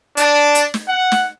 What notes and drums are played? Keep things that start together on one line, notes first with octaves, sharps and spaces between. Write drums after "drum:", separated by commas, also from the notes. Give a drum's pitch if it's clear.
D4, drum: hi-hat
drum: hi-hat
drum: snare
F#5
drum: snare